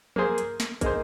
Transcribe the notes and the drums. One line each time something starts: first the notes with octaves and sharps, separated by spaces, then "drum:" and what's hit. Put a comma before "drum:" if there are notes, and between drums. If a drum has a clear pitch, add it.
A#3 G#4 C5, drum: tom
drum: hi-hat
drum: snare
A#3 D#4 G#4 C5, drum: kick, hi-hat